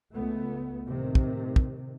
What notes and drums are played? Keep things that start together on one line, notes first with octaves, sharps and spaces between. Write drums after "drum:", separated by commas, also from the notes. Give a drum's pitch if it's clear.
C#2 A3 B3
A2 C3 D#3
drum: kick
drum: kick